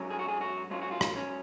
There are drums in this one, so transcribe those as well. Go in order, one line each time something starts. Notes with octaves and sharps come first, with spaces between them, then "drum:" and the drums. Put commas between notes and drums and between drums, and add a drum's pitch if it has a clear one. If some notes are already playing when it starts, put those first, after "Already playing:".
Already playing: G#2 F#3 C#4
G#4
F#4
G#4
F#4
G#2 F#3 C#4 F4
F#4
F4
drum: rim click
C#4